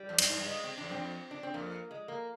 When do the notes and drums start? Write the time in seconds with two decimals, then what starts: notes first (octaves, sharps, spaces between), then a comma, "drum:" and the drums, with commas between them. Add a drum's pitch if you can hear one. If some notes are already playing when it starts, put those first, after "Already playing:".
Already playing: G3
0.09 F2
0.18 G2, drum: cymbal
0.28 G#2
0.37 G2
0.46 G#3
0.64 C4
0.77 F2 D4
0.89 G2
0.91 F2 C4
1.31 D4
1.43 C4
1.54 F2 A#3
1.91 G#3
2.08 A#3